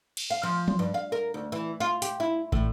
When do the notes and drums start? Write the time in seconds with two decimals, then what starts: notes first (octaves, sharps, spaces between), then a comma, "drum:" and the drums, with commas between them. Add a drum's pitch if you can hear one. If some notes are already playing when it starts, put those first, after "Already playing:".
0.17 drum: cymbal
0.30 F5
0.43 F3
0.68 drum: tom F3
0.79 G2
0.94 F5
1.12 A#4
1.34 D2
1.52 E3
1.80 F4
2.02 G4, drum: hi-hat
2.20 E4
2.52 A2, drum: kick